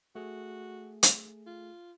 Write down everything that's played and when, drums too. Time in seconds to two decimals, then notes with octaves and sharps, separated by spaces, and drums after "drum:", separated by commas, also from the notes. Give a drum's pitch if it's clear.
0.15 A3 F#4 G#4
1.03 drum: hi-hat
1.46 F4